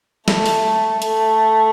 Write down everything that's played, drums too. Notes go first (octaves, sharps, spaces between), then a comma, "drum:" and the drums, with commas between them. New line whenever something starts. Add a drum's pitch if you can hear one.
A3, drum: snare
drum: open hi-hat
A3, drum: hi-hat